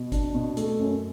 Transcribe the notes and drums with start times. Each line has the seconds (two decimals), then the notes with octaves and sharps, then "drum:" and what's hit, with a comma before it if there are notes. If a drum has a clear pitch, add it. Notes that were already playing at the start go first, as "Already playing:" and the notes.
Already playing: B2
0.12 D4, drum: kick G#1, hi-hat
0.35 B2
0.57 A3, drum: hi-hat
0.79 F#2